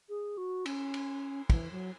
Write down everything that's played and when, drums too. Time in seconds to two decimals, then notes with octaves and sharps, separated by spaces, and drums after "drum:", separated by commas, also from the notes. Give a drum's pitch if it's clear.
0.09 G#4
0.37 F#4
0.66 C#4, drum: cymbal
0.94 drum: cymbal
1.50 E3, drum: kick, cymbal
1.72 F#3